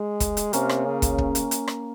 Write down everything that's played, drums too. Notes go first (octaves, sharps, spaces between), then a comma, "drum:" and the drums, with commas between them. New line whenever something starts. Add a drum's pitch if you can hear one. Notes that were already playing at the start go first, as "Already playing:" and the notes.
Already playing: G#3
drum: kick, hi-hat
drum: hi-hat
C3 A#3 C#4, drum: hi-hat
drum: rim click
C#3
drum: kick, hi-hat
drum: kick
drum: hi-hat
drum: hi-hat
drum: rim click